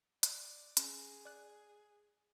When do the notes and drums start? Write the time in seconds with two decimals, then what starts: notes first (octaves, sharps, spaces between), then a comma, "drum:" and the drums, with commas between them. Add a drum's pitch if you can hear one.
0.23 D5, drum: hi-hat
0.77 C#4 G#4, drum: hi-hat
1.25 D5 F#6